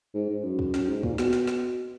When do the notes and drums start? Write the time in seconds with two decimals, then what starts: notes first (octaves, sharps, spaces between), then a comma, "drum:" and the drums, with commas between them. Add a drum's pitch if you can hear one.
0.14 G#2
0.29 G#2
0.44 F#2
0.59 drum: kick
0.74 F#2, drum: snare
0.88 G#2
1.03 A#2, drum: kick
1.18 B2, drum: snare
1.33 drum: snare
1.47 drum: snare